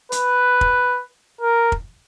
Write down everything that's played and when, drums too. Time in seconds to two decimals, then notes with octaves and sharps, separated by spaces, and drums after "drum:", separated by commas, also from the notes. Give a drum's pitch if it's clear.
0.12 B4, drum: hi-hat
0.61 drum: kick
1.41 A#4
1.72 drum: kick